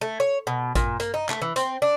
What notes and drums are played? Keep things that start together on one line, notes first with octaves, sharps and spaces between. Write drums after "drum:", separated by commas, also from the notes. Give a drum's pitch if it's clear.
A3
C#5
B2
A#2, drum: kick A1, hi-hat
A#3, drum: hi-hat
D#4
A3, drum: clap
E3
C4, drum: hi-hat
D4